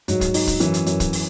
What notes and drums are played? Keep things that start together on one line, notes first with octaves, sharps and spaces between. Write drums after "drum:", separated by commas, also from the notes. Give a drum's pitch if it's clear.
G#2 F#3, drum: hi-hat
drum: kick, hi-hat
D#4, drum: open hi-hat
drum: kick, hi-hat
F#2 E3, drum: hi-hat
drum: hi-hat
F#2, drum: hi-hat
drum: kick, hi-hat
drum: open hi-hat